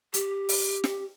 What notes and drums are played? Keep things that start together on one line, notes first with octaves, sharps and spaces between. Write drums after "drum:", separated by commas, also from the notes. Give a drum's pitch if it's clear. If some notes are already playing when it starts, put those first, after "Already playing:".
G4, drum: hi-hat
drum: open hi-hat
drum: snare